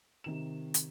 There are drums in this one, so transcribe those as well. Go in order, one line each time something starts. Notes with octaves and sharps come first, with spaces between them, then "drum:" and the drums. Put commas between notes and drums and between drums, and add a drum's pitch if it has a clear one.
C3 D#3 E7
drum: hi-hat